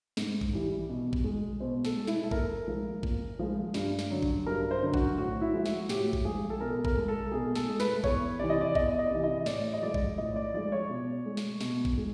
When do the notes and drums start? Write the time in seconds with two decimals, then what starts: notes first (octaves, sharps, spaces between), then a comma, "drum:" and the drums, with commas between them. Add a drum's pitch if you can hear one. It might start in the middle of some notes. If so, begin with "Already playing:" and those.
0.17 G#2, drum: snare
0.41 drum: kick
0.53 E3 G3
0.89 B2
1.13 drum: kick
1.24 G#3
1.60 B2 C5
1.85 A4, drum: snare
1.96 G#3
2.07 E4, drum: snare
2.24 A4
2.31 A#2 A#4, drum: kick
2.68 F3 G#3
3.03 A#2, drum: kick
3.39 F3 G#3
3.74 G2, drum: snare
3.99 drum: snare
4.10 D3 F#3
4.23 drum: kick
4.46 G2 A#4
4.71 C5
4.83 D3 F#3
4.94 F#4, drum: kick
5.17 A2 F#4
5.41 E4
5.53 F3 G#3
5.66 F#4, drum: snare
5.89 A2 G4, drum: snare
6.13 drum: kick
6.25 F3 G#3 G#4
6.50 A4
6.60 B2 A#4
6.85 A#4, drum: kick
6.97 G#3
7.08 A4
7.32 B2 G#4
7.55 A4, drum: snare
7.69 G#3
7.80 B4, drum: snare
8.04 E2 C#5, drum: kick
8.39 C3 E3 D5
8.50 D#5
8.61 D5
8.75 E2 D#5, drum: kick
8.99 D#5
9.10 C3 E3
9.23 D#5
9.46 A2 D5, drum: snare
9.74 D#5
9.83 F3 G#3 D5
9.94 drum: kick
10.18 A2 D#5
10.36 D5
10.54 F3 G#3 D5
10.72 C#5
10.89 B2
11.26 G#3
11.37 drum: snare
11.61 B2, drum: snare
11.85 drum: kick
11.97 G#3